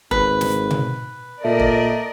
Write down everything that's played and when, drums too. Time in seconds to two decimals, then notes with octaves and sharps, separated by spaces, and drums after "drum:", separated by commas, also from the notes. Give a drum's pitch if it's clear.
0.11 G#1 B4, drum: kick
0.41 drum: snare
0.71 drum: tom B2
1.44 A#2 A3 A#4 D5 D#5
1.59 drum: kick